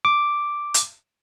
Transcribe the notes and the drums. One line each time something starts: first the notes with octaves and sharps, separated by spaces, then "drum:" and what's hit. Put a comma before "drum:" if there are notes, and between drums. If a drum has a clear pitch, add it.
D6
drum: hi-hat